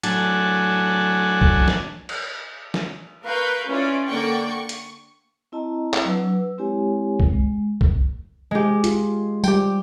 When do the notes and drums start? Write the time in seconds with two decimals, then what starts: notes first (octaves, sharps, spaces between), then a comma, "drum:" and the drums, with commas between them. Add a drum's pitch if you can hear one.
0.04 A2 F#3 D4 F#5 G#5 A5, drum: hi-hat
1.41 drum: kick B1
1.68 drum: snare
2.09 drum: cymbal
2.74 drum: snare
3.24 A#4 B4 F5 C#6 G6
3.69 C#4 E4 F4 B4 D5
4.07 D3 A#3 D5 F#5 G5 C#6
4.48 C#6
4.69 drum: hi-hat
5.52 C4 E4 D#5 A5 A#5
5.94 drum: clap
6.05 F#3 D4 B4 E6
6.58 G#3 C4 E4 G4 C#5 G#5
7.20 drum: kick B1
7.29 G#3
7.81 drum: kick B1
8.51 G#3 G4
8.84 F4, drum: hi-hat
9.44 G3 G4 G5, drum: tambourine